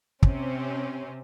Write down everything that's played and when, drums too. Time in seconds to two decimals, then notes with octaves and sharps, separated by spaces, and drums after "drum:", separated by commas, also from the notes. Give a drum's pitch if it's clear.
0.23 C3 C4 C#4, drum: kick